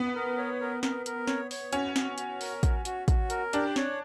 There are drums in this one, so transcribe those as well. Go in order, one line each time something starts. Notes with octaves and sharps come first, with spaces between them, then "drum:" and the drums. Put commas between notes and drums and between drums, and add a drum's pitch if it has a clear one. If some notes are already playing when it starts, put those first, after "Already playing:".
Already playing: B3
A#4
C#5
A#4
A#4, drum: snare
A#4, drum: hi-hat
C#5, drum: snare
C#5, drum: open hi-hat
C#4 F#4, drum: hi-hat
F#4, drum: snare
F#4, drum: hi-hat
A#4, drum: open hi-hat
F#4, drum: kick, hi-hat
F#4, drum: hi-hat
F#4, drum: kick, hi-hat
A#4, drum: hi-hat
D4 G4, drum: hi-hat
C#5, drum: snare